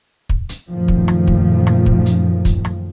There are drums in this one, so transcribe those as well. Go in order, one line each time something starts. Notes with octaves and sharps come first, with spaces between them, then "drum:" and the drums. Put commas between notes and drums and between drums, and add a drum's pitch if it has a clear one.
drum: kick
drum: hi-hat
F#2 A#2 D#3 F3 A3
drum: kick
drum: rim click
drum: kick
drum: rim click
drum: kick
drum: hi-hat
drum: kick, hi-hat
drum: rim click